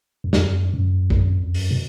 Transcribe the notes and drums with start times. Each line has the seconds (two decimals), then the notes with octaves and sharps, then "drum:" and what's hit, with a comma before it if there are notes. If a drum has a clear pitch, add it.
0.24 E2
0.33 F2, drum: snare
0.41 F#2
0.74 F#2
1.10 drum: kick
1.39 F2
1.54 F#2, drum: open hi-hat
1.71 B2